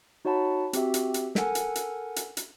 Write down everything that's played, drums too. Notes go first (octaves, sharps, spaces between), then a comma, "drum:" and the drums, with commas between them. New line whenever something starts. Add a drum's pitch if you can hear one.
D#4 F#4 C#5 F#5 A5 B5
C4 F#4 G4 E5, drum: hi-hat
drum: hi-hat
drum: hi-hat
A4 A#4 F#5 G#5, drum: snare
drum: hi-hat
drum: hi-hat
drum: hi-hat
drum: hi-hat